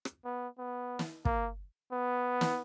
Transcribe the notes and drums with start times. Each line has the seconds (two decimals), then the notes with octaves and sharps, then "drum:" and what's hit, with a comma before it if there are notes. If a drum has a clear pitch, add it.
0.05 drum: rim click
0.25 B3
0.58 B3
0.99 drum: snare
1.25 A#3, drum: kick
1.92 B3
2.41 drum: snare